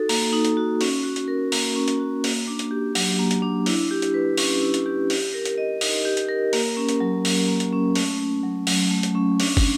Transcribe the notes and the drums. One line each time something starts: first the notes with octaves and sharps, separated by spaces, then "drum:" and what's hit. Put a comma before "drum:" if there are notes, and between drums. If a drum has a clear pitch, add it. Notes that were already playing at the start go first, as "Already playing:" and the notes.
Already playing: D#4 F#4 A4
A#3, drum: open hi-hat
D#4
drum: hi-hat
F#4
C#4, drum: open hi-hat
F#4
drum: hi-hat
A#4
A#3, drum: open hi-hat
C#4
drum: hi-hat
F#4
A#3, drum: open hi-hat
D4
drum: hi-hat
G4
F#3, drum: open hi-hat
A#3
drum: hi-hat
D4
E4, drum: open hi-hat
G4
drum: hi-hat
B4
C#4, drum: open hi-hat
E4
drum: hi-hat
G4
G4, drum: open hi-hat
A#4
drum: hi-hat
D#5
D#4, drum: open hi-hat
G4
drum: hi-hat
A#4
A#3, drum: open hi-hat
C#4
drum: hi-hat
F#3
F#3, drum: open hi-hat
A#3
drum: hi-hat
C#4
A3, drum: open hi-hat
C#4
F#3
F#3, drum: open hi-hat
A3
drum: hi-hat
C#4
D4, drum: open hi-hat
drum: kick, open hi-hat